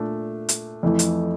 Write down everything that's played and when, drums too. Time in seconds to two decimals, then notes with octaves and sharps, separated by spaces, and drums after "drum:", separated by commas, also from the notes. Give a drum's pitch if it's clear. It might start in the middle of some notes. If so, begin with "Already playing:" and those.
Already playing: A#2 A3 D4
0.49 drum: hi-hat
0.83 F2 E3 A3
0.99 drum: hi-hat